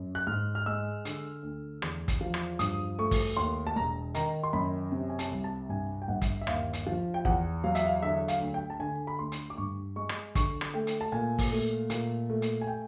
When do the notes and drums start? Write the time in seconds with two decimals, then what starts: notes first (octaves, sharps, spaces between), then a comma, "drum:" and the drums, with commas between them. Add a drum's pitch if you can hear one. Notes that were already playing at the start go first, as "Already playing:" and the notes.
Already playing: F#2
0.15 F#6
0.27 G#2 F6
0.55 F6
0.66 G#3 E6
1.05 D3, drum: hi-hat
1.43 D2
1.82 E2, drum: rim click
2.08 drum: kick, hi-hat
2.21 F3
2.34 drum: rim click
2.59 G2 D#6, drum: hi-hat
2.99 A3 C#6
3.11 drum: kick, open hi-hat
3.37 D#2 C6
3.67 A5
3.76 E1 A#5
4.14 D#3 A#5, drum: hi-hat
4.43 C6
4.53 F#2 B5
4.92 C3
5.10 G#5
5.19 A5, drum: hi-hat
5.31 C2
5.44 A5
5.69 G2 G#5
6.02 G5
6.08 G1 F#5
6.22 drum: kick, hi-hat
6.41 E5
6.47 D#2 F5, drum: rim click
6.73 drum: hi-hat
6.87 F3
7.14 G5
7.25 E2 F#5, drum: kick
7.64 F#3 F5
7.75 E5, drum: hi-hat
7.86 F5
8.02 D3 E5
8.28 F5, drum: hi-hat
8.41 D2
8.54 G5
8.70 A5
8.80 D3 G#5
9.07 B5
9.19 D2 C6
9.32 drum: hi-hat
9.50 D6
9.58 G2 C#6
9.96 G#3 C#6
10.09 drum: rim click
10.35 D3 C#6, drum: kick, hi-hat
10.61 drum: rim click
10.74 A3 G5
10.87 drum: hi-hat
11.01 A5
11.12 A#2 G#5
11.39 drum: kick, open hi-hat
11.51 A3
11.90 A#2, drum: hi-hat
12.30 A3
12.42 drum: hi-hat
12.61 G#5
12.68 G5